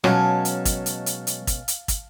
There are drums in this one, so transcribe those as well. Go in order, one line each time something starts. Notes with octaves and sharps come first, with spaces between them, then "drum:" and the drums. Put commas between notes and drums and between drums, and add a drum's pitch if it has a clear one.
B2 F#3 G#3 C#4 F5 A5, drum: rim click
drum: hi-hat
drum: kick, hi-hat
drum: hi-hat
drum: hi-hat
drum: hi-hat
drum: kick, hi-hat
drum: hi-hat
drum: kick, hi-hat